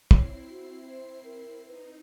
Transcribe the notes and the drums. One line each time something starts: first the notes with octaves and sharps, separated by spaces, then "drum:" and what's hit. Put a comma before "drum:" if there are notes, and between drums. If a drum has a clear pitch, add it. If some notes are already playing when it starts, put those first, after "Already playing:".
C4 E4 C#5 C7, drum: kick
F#4
C5
A#4
D#4 B4